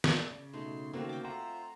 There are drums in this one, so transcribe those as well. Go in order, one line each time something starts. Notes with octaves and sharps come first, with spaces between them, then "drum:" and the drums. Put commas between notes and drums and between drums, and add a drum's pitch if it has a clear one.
drum: snare
D5
C#3
B2 A3 D#4 C6
D#3 A3 A#3 C4 F#4 A4
G5 D6
F4 C5 E5 F#5 A#5